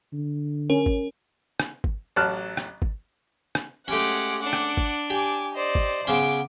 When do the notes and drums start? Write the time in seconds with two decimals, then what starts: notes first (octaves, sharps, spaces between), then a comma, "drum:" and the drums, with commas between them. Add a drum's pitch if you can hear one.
0.13 D3
0.70 C#4 A#4
0.86 drum: kick G#1
1.60 drum: rim click
1.84 drum: kick G#1
2.16 A1 F#3 A5 F6 F#6
2.57 drum: rim click
2.82 drum: kick G#1
3.55 drum: rim click
3.88 G#3 A3 C#4 G4 F#5 D6
4.42 D4 F#5 D6
4.53 drum: rim click
4.77 drum: kick G#1
5.10 G4 G#5 D6
5.55 C5 D5 D#5
5.75 drum: kick G#1
6.07 C#3 B3 C#4 D6 D7